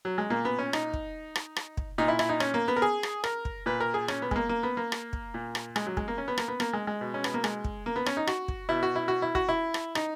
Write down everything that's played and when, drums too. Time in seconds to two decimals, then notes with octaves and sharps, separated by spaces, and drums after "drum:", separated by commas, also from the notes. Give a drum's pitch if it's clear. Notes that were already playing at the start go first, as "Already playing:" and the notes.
0.05 F#3
0.18 G#3
0.30 A#2 A#3
0.45 B3
0.59 C#4
0.73 D#4, drum: rim click
0.94 drum: kick
1.35 drum: rim click
1.56 drum: rim click
1.77 drum: kick
1.98 A#2 D#4
2.08 E4
2.19 E4, drum: rim click
2.29 D#4
2.40 C#4, drum: rim click
2.54 A#3
2.68 B3
2.76 A#4
2.82 G#4
3.03 drum: rim click
3.24 A#4, drum: rim click
3.45 drum: kick
3.66 A#2 B4
3.80 A#4
3.94 G#4
4.08 C#4, drum: rim click
4.22 B3
4.31 G#3, drum: kick
4.36 A#3
4.49 A#3
4.63 B3
4.77 A#3
4.92 drum: rim click
5.13 drum: kick
5.34 A#2
5.55 drum: rim click
5.76 G#3, drum: rim click
5.86 F#3
5.97 G#3, drum: kick
6.08 A#3
6.18 C#4
6.28 B3
6.38 A#3, drum: rim click
6.48 B3
6.60 A#3, drum: rim click
6.73 G#3
6.87 G#3
7.01 B2
7.14 C#4
7.24 B3, drum: rim click
7.34 A#3
7.44 G#3, drum: rim click
7.64 drum: kick
7.86 A#3
7.96 B3
8.06 C#4, drum: rim click
8.17 D#4
8.27 F#4, drum: rim click
8.48 drum: kick
8.69 B2 E4
8.83 F#4
8.96 E4
9.08 F#4
9.22 E4
9.35 F#4, drum: kick
9.49 E4
9.74 drum: rim click
9.95 D#4, drum: rim click